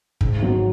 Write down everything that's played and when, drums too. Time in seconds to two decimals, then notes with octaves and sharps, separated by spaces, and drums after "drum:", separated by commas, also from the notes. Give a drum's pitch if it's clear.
0.21 G#2, drum: kick
0.42 F#3